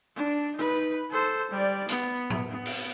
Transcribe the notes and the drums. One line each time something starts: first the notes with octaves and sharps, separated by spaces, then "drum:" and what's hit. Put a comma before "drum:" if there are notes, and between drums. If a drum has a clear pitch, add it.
D4
D#4 B4
A4 C5
G3 D5
B3, drum: hi-hat
drum: tom A2
B3
drum: open hi-hat